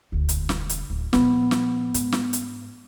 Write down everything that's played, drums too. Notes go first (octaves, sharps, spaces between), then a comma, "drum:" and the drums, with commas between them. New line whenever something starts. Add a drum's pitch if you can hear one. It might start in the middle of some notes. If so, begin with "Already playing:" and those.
E1 D2
drum: hi-hat
drum: snare
drum: hi-hat
D1
A#2 F3 B3, drum: snare
drum: snare
G#2, drum: hi-hat
drum: snare
drum: hi-hat